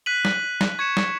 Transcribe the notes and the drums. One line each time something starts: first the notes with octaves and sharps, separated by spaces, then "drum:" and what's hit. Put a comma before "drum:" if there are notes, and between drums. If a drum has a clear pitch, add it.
F#6 B6 D#7 F#7
drum: snare
drum: snare
C#6 G#6 C#7 E7
drum: snare